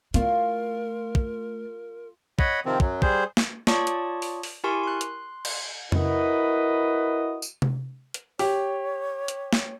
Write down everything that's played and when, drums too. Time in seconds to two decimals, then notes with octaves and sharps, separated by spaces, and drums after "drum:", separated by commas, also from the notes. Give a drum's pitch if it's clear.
0.14 A3 F4 A#4, drum: hi-hat
1.15 drum: kick
2.39 C#5 D#5 F#5 B5, drum: kick
2.65 C3 D#3 F3 C4
2.80 F#2 F#3, drum: kick
3.02 G3 G#4 C5, drum: kick
3.37 drum: snare
3.67 F4 C#5 D5 A5 C#6 D#6, drum: snare
3.87 drum: hi-hat
4.22 drum: open hi-hat
4.43 drum: open hi-hat
4.64 E4 G4 A#4 G#5 C6 C#6
4.83 C6 F#6
5.01 drum: hi-hat
5.45 drum: cymbal
5.92 E4 F#4 A#4 B4 D#5, drum: tom F2
7.42 drum: tambourine
7.62 drum: tom C3
8.14 drum: hi-hat
8.39 G4 C#5, drum: open hi-hat
9.28 drum: hi-hat
9.53 drum: snare